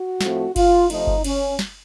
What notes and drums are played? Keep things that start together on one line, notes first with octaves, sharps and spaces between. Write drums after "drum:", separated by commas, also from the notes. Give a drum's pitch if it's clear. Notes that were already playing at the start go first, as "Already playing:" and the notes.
Already playing: F#4
A2 F3 A3 C4, drum: snare
F4, drum: kick G1, cymbal
C3 F3 A3 D#4, drum: cymbal
drum: kick G1
C#4, drum: cymbal
drum: snare